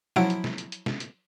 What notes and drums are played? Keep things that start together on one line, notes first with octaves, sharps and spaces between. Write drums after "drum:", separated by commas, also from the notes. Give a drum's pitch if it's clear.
F3 F#3 E4 F#5 D7, drum: snare
drum: hi-hat
drum: snare
drum: hi-hat
drum: hi-hat
drum: snare
drum: hi-hat